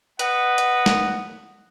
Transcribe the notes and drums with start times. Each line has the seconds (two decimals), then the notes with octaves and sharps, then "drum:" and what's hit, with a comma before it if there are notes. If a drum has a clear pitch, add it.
0.19 B4 D#5 F#5, drum: hi-hat
0.58 drum: hi-hat
0.86 drum: snare